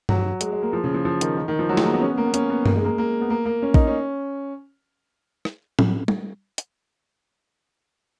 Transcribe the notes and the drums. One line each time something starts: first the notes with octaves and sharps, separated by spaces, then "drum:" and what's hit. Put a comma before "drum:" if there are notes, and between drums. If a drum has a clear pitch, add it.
F#3, drum: tom G2
G#3, drum: hi-hat
G#3
A#3
F3
C#3
F3
F3
D#3, drum: hi-hat
D#3
D#3
F3
F#3
G#3, drum: snare
A#3
B3
C#4
B3
A#3
B3
C#4, drum: hi-hat
B3
A#3, drum: tom G2
G#3
A#3
A#3
B3
A#3
A#3
C#4
D#4, drum: kick A#1
C#4
drum: rim click
drum: tom
drum: tom
drum: hi-hat